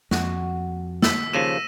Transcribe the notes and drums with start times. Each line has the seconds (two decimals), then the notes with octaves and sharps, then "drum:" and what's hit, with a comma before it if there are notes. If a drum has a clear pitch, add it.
0.11 F2 F#4, drum: snare
1.02 E6 B6, drum: snare
1.33 D#2 C#3 F3 A#6 D#7 E7